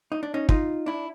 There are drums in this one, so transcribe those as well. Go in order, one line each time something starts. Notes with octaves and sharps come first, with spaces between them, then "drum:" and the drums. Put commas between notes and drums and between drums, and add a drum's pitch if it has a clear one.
D#4
D4
C#4 D#4
D#4 F4, drum: kick
D4 E4